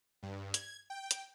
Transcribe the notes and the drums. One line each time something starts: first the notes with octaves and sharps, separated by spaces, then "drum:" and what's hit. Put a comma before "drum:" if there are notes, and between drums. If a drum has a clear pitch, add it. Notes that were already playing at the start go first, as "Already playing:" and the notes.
G2
G#6, drum: hi-hat
G5
drum: hi-hat